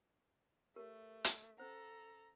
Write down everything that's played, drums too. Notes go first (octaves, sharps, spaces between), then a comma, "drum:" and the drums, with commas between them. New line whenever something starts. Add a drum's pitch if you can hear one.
A3 G4 A#4 C#5
drum: hi-hat
C#4 A4 C5 F#5 A#5